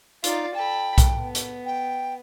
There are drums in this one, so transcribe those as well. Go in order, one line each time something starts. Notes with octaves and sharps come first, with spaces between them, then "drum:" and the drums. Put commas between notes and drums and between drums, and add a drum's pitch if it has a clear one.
D#4 F4 D5, drum: hi-hat
A4 G5 B5
drum: kick B1, hi-hat
B3
drum: hi-hat
G5